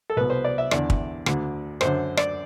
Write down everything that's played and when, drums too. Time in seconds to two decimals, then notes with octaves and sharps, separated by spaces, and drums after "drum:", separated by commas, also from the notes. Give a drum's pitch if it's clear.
0.10 A4
0.16 C2 B2 B4
0.30 C5
0.45 D5
0.58 E5
0.71 E2 D3 D5, drum: rim click
0.90 drum: kick
1.26 D2 D3, drum: rim click
1.81 F#2 D3 C5, drum: rim click
2.17 D5, drum: rim click